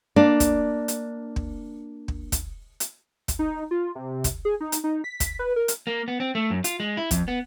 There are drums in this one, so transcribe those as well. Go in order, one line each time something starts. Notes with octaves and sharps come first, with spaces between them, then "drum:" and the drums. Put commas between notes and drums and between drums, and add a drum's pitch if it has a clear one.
A#3 D4
drum: kick, hi-hat
drum: hi-hat
drum: kick
drum: kick
drum: kick, hi-hat
drum: hi-hat
drum: kick, hi-hat
D#4
F4
C3
drum: kick, hi-hat
G#4
D#4
drum: hi-hat
D#4
B6
drum: kick, hi-hat
B4
A#4
drum: hi-hat
A#3
B3
C4
A3
F#2
F4, drum: hi-hat
G#3
E4
F2, drum: kick, hi-hat
B3